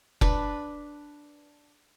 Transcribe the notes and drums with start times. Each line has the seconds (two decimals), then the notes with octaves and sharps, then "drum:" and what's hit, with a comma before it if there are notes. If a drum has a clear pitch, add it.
0.21 D4 B4, drum: kick F1